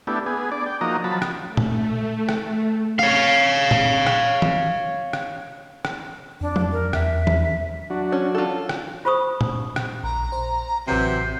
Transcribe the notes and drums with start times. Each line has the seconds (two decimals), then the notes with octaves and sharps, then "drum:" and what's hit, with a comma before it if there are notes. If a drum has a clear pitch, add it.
0.07 A3 B3 D4 E4 G4
0.26 B3 G#4
0.52 D4 D5
0.66 G5
0.81 F3 A#3 D#4 F#4 D#5 A#5
1.04 F3 F#3 A5 B5
1.22 drum: rim click
1.47 A3
1.57 drum: tom A#2
2.29 drum: rim click
2.99 C#5 F5, drum: rim click
3.71 drum: tom A#2
4.07 drum: rim click
4.42 drum: tom
5.13 drum: rim click
5.85 drum: rim click
6.41 F2 D4
6.56 drum: tom
6.72 A#4
6.93 E2 E5, drum: rim click
7.27 drum: tom
7.90 F#3 D4 F#4
8.12 C#4
8.35 F4 A4
8.69 drum: rim click
9.05 F4 C5 B5 C#6 D#6
9.41 drum: tom A#2
9.76 drum: rim click
10.04 A#1 A#5
10.32 C5
10.88 A1 C3 E3 F#3 G6 C7